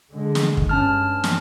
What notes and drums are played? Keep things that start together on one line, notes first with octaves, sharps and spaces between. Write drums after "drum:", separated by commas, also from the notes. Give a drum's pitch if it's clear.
D3 G#3
drum: snare
drum: kick
G2 C#4 A5 F6
drum: snare